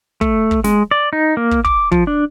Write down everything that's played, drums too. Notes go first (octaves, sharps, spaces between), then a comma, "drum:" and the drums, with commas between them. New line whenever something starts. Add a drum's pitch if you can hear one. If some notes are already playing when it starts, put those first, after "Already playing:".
A3, drum: kick
drum: kick
G#3, drum: snare
D5
D#4
A#3
drum: kick
D6, drum: kick
F3, drum: kick
D4